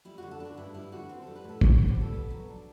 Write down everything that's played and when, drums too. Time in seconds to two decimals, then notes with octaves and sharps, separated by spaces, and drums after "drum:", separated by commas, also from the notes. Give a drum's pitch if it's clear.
0.05 G3 E4
0.18 D3 F#4
0.31 A4
0.40 D4 F#4
0.57 G2 E4
0.74 G3 E4
0.92 D3 F#4
1.09 C4
1.22 G3 A4
1.35 B4
1.44 A2 A4
1.61 A2 G4, drum: kick
1.75 C4 F#4
1.88 G4
1.96 G3 A4
2.14 B3
2.30 F#3
2.48 D4